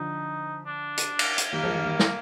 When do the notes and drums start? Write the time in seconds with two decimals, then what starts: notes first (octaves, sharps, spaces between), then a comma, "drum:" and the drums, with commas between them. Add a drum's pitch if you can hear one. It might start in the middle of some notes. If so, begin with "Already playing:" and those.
Already playing: D3 F3 D#4
0.66 D4
0.97 drum: hi-hat
1.19 drum: cymbal
1.38 drum: hi-hat
1.53 D#3 G3 A#3
1.63 F3 G#3
1.74 D#3 G3
1.85 D#3 G3
1.99 drum: snare